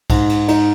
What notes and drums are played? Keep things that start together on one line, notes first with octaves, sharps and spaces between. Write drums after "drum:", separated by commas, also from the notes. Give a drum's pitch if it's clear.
G#2, drum: kick B1, cymbal
drum: cymbal
D#4, drum: cymbal